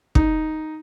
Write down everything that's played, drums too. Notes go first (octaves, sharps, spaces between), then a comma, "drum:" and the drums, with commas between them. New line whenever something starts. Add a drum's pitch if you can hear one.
D#4, drum: kick